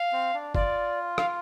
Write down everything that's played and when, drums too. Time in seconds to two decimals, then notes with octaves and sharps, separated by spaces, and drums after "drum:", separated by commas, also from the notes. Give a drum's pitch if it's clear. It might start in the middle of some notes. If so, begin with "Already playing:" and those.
Already playing: F5
0.12 C4
0.34 D4
0.55 F4 D5, drum: kick
1.18 F5, drum: rim click